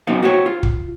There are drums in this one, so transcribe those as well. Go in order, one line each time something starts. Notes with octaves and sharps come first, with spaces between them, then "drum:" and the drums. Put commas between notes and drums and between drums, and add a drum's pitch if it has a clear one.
F#2 B3 D#4 C5 F5
F#4 G4 C5 C#5
F4
drum: kick